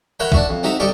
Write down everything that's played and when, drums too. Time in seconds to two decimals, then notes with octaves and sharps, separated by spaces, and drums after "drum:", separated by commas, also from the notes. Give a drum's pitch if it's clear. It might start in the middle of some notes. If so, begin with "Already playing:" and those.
0.20 A#4 C#5 E5 F#5 G5 B5
0.32 D4 F#4 E5, drum: kick A#1
0.49 F2
0.63 C4 D#4 F#4 E5 A#5
0.80 C3 G3 D#4 A4 C#6 D6